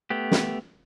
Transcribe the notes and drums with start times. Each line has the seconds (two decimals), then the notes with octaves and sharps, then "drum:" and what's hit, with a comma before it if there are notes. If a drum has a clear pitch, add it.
0.10 A3 B3 G4
0.31 drum: snare